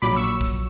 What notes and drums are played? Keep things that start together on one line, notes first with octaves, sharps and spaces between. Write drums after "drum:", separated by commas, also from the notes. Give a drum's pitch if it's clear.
A#1 A#2 F#3 B5 D6
C#6 E6
drum: kick A#1